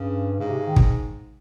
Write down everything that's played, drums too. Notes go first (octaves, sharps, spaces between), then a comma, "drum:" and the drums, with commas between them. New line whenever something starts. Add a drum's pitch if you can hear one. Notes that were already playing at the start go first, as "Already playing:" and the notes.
Already playing: G2 C#3
G#2 C#3
C3
C#3
D#3
drum: kick